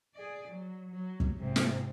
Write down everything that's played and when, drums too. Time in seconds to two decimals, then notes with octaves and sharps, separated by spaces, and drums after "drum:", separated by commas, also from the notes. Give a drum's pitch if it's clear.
0.15 G#4 D5
0.48 F#3
0.91 F#3
1.20 drum: kick
1.37 G#2 C3
1.56 drum: snare